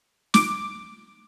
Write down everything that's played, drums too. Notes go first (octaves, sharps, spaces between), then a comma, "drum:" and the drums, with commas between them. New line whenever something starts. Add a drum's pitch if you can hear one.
D6, drum: snare